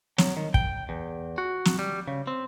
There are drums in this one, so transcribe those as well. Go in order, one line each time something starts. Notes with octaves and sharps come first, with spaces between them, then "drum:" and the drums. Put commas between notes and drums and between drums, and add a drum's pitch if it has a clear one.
F#3, drum: snare
D#3
G5, drum: kick
E2
F#4
drum: snare
G3
C#3
C4